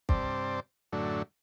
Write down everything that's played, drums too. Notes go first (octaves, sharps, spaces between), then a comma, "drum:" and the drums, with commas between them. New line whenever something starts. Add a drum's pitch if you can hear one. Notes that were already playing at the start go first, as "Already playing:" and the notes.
G2 C3 C4 C5 D5 A5, drum: kick
F#2 A2 D3 F#3 A3 D4